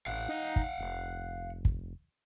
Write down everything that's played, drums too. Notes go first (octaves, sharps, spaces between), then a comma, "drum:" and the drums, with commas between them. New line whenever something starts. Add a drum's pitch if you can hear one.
A1 F5 F#5
D#4
drum: kick
F1
drum: kick